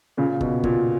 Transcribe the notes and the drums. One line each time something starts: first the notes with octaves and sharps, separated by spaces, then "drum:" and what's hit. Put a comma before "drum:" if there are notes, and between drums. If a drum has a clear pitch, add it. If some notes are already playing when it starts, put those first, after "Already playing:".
A#2 C#3
B2, drum: kick
A#2, drum: kick